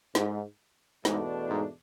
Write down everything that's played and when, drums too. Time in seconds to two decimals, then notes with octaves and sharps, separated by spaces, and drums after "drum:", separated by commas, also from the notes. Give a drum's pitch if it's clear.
0.15 G#2, drum: snare
1.05 E2 G#2 B2 A3 D4, drum: snare
1.49 G#2